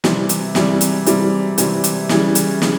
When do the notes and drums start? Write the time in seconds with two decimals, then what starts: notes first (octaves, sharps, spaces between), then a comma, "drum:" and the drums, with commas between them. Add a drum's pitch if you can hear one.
0.04 C3 E3 G3 C4, drum: snare
0.29 drum: hi-hat
0.55 C3 E3 G3 C4, drum: snare
0.81 drum: hi-hat
1.06 C3 E3 G3 C4, drum: hi-hat
1.58 C3 E3 G3 C4, drum: hi-hat
1.84 drum: hi-hat
2.09 C#3 E3 G3, drum: snare
2.35 drum: hi-hat
2.62 C#3 E3, drum: snare